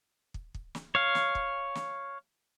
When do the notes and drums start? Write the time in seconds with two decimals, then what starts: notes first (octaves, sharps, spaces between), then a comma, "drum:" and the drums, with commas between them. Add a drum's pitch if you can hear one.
0.34 drum: kick
0.54 drum: kick
0.75 drum: snare
0.95 C#5 F5
1.15 drum: snare
1.35 drum: kick
1.75 drum: snare